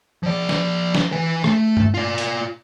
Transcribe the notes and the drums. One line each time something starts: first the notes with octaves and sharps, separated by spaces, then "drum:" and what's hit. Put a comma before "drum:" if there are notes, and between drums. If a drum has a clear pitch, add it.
F3 D5
drum: snare
drum: snare
E3 B4
A3, drum: rim click
drum: tom G2
F4 D5
drum: hi-hat